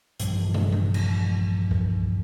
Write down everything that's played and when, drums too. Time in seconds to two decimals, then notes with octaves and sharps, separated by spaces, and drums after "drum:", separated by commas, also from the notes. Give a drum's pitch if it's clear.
0.20 A#1 G2 E3 F3, drum: hi-hat
0.54 drum: tom
0.72 drum: tom G#3
0.94 drum: cymbal
1.71 drum: kick C2